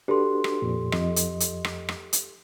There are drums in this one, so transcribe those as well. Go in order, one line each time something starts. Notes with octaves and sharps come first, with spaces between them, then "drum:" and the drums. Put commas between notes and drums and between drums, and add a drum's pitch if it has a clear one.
D4 F#4 G4 A4 B4 C6
drum: rim click
F2 A#2
F2 D#5, drum: rim click
drum: hi-hat
drum: hi-hat
drum: rim click
drum: rim click
drum: hi-hat